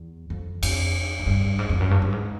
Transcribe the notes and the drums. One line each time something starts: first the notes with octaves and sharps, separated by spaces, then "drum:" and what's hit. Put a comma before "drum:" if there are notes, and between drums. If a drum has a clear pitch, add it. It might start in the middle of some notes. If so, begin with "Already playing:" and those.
Already playing: E2
F2
F2, drum: cymbal
G#2
G2
G#2
F2
F#2
G2
G2
G#2